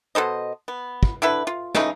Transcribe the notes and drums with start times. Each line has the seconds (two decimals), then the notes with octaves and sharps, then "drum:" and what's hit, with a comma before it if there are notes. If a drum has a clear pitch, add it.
0.15 B2 A4 C5 D#5
0.68 B3
1.03 drum: kick
1.22 D3 E4 A4 B4
1.47 F4
1.75 C#3 E3 A3 D#4, drum: snare